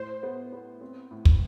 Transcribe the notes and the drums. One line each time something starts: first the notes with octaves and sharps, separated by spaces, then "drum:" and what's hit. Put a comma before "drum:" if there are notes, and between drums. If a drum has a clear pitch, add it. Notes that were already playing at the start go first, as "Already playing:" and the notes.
Already playing: A2 C5
B3
B3
C4
A2
drum: kick